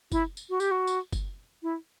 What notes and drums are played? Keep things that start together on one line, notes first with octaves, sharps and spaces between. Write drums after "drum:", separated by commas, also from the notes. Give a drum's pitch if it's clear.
E4, drum: kick, tambourine
drum: tambourine
F#4
G4, drum: tambourine
F#4
drum: tambourine
drum: kick, tambourine
E4